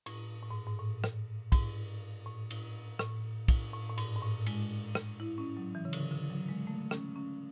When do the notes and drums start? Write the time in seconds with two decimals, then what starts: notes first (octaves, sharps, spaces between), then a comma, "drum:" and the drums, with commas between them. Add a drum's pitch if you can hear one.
0.06 A2, drum: cymbal
0.42 A2
0.51 G#2
0.67 G#2
0.79 A2
1.04 drum: rim click
1.52 G#2, drum: kick, cymbal
2.26 A2
2.51 drum: cymbal
2.99 A2, drum: rim click
3.48 drum: kick, cymbal
3.73 A2
3.90 A2
3.98 G#2, drum: cymbal
4.16 G#2
4.22 A2
4.47 G#3, drum: cymbal
4.95 drum: rim click
5.20 E4
5.38 C#4
5.57 F#3
5.75 E3
5.85 C#3
5.93 D3, drum: cymbal
6.11 D3
6.30 F#3
6.49 G#3
6.67 A3
6.91 C#4, drum: rim click
7.16 C#4